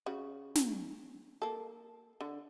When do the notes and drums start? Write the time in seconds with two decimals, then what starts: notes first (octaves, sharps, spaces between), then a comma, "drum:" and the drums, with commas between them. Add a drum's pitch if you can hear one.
0.06 C#3 F#4
0.55 drum: snare
1.42 A#3 A4
2.21 D3